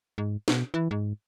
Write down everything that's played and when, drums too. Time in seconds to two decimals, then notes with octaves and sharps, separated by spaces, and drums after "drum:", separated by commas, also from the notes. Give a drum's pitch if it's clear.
0.18 G#2
0.48 B2, drum: snare
0.74 E3
0.91 G#2